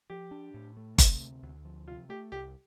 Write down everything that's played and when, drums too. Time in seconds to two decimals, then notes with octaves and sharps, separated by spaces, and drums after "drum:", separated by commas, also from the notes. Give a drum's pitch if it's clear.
0.10 F3 G4
0.31 D4
0.54 A2
0.77 A3
0.98 C3, drum: kick G1, hi-hat
1.20 D2
1.43 D2
1.65 F3
1.88 C3 F4
2.09 A3 G4
2.32 C2 G4